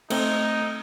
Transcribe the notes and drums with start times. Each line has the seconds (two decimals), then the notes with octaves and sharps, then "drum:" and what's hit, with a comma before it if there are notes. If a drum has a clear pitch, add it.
0.10 A3 C4 D#4, drum: cymbal